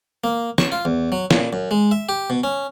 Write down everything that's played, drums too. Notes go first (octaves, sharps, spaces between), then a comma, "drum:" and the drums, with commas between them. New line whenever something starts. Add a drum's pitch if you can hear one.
A#3
C#6, drum: snare
F4
E2
F#3
A#2, drum: snare
F#2
G#3
E5
G4
B2
C#4